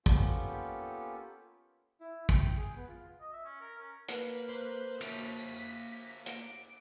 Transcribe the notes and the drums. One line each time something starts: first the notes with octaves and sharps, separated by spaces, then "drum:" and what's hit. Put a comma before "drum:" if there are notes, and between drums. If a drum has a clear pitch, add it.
A#3 B3 C#4 F4 G4 A4, drum: kick
E4
G5, drum: kick
G#4
B3
F4
D#5
E5
C#4
A#4
C#4
A#3 B4, drum: hi-hat
C5
A#3 C#5 B6, drum: cymbal
D7, drum: hi-hat